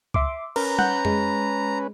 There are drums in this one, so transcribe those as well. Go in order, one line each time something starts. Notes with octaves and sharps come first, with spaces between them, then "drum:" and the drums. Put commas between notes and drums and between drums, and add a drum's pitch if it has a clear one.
E5 C6 D6, drum: kick
C#4 A#4 B4 A#5, drum: cymbal
F#5 F#6 G6, drum: tom G3
G#3, drum: tom F2